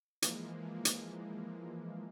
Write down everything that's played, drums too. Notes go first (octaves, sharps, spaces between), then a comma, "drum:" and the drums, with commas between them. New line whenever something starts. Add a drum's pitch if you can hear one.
E3 F3 G#3 A#3, drum: hi-hat
drum: hi-hat